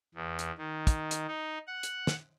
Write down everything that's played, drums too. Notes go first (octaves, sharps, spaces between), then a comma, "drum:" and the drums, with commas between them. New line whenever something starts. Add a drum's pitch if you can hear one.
E2
drum: hi-hat
D#3
drum: kick, hi-hat
drum: hi-hat
D#4
F#5
drum: hi-hat
drum: snare